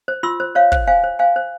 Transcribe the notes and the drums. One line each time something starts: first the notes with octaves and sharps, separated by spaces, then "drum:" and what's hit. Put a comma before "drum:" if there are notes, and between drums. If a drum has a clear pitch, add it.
C5
F4 C6 E6
C5
C5 C#5 F5
C5, drum: kick
C5 F5 G#5
C5
C5 F5 G#5
C5